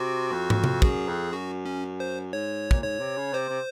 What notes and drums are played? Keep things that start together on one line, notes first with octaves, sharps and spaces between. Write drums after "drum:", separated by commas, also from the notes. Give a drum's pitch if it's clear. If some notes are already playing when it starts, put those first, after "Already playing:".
Already playing: C3 F#4
F2
drum: tom
drum: tom C3
F#2 G#4, drum: kick
F2
F#2 F#4
C#4
C5
G#2 C#5
A#2, drum: kick
G#2 C#5
C3
C#3
C3 C5
C3